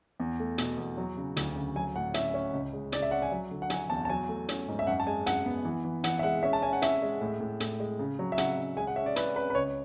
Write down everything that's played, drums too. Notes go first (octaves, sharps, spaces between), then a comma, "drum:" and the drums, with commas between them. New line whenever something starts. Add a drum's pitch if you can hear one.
E2
A3
B2, drum: hi-hat
E2
F#3
C#3
D2, drum: hi-hat
C#3
F#3 G#5
A2 F#5
C#4 E5, drum: hi-hat
C#4
C#2
G#3
C#2 D5, drum: hi-hat
E5
C#4 F#5
G#5
F#3
D3
F#5
F#3 G#5, drum: hi-hat
E2 A5
A5
F#3 G#5
A3
C#4, drum: hi-hat
G#2
E5
F#2 F#5
A5
G#3 G#5
F#2 F#5, drum: hi-hat
B3
E3
E3
E3 F#5, drum: hi-hat
E5
G#3 F#5
C#4 E5
A5
C#4 G#5
F#5
C#4 E5, drum: hi-hat
G#3
A2
A2
A2, drum: hi-hat
G#3
C#3
F#3
E5
C#3 F#5, drum: hi-hat
C#3
G#3 G#5
F#5
C#4 E5
D5
G#3 B4, drum: hi-hat
C#4 B4
B4
C#2 C#5